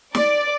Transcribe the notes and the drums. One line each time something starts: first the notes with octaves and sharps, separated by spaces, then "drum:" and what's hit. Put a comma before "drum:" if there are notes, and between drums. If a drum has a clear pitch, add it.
D5, drum: snare